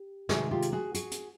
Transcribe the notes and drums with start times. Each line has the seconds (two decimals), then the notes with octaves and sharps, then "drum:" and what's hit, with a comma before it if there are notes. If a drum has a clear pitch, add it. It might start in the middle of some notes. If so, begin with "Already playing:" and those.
Already playing: G4
0.29 C3 D#3 G#3 F#4 G#4, drum: snare
0.51 F4 G4
0.62 drum: hi-hat
0.73 F#4 G#4
0.94 F#4 G#4, drum: hi-hat
1.11 drum: hi-hat